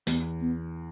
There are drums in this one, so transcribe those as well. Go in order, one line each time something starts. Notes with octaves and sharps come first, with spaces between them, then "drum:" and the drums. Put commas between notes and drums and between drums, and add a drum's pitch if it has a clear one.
E2 B3, drum: hi-hat
B3